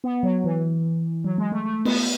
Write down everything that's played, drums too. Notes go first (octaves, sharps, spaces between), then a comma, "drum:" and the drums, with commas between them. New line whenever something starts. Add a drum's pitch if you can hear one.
B3
F#3
E3
F#3
G#3
A3
A3
B3, drum: cymbal